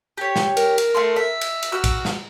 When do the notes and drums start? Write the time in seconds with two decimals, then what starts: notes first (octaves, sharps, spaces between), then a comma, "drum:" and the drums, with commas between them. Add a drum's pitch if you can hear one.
0.17 G4 C#5
0.36 drum: snare
0.57 A#4, drum: cymbal
0.78 drum: cymbal
0.95 A3 A4 C6
1.16 E5
1.41 drum: cymbal
1.63 drum: cymbal
1.72 F#4 E6 F6
1.84 drum: kick A#1, cymbal
2.05 drum: snare